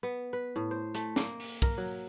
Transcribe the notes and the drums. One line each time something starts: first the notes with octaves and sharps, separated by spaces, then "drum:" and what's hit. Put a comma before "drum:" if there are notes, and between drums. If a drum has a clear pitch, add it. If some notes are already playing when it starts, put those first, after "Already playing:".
B3
B4
A2
C5
A3, drum: hi-hat
A#3, drum: snare
drum: open hi-hat
A#4, drum: kick
F#3